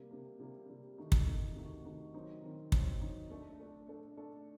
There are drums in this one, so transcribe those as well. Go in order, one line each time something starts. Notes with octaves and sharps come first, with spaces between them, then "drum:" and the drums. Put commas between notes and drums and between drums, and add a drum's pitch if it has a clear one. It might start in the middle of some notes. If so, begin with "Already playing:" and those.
Already playing: C3 G3 A#3
C3 G3 A#3
C3 G3 A#3
C3 G3 A#3
C3 D#3 A3 D#4 F#4
drum: kick
C3 D#3 A3 D#4 F#4
C3 D#3 A3 D#4 F#4
C3 D#3 A3 D#4 F#4
D#3 F#3 C4 D#4
D#3 F#3 C4 D#4
D#3 F#3 C4 D#4, drum: kick
D#3 F#3 C4 D#4
A3 D4 A4
A3 D4 A4
A3 D4 A4
A3 D4 A4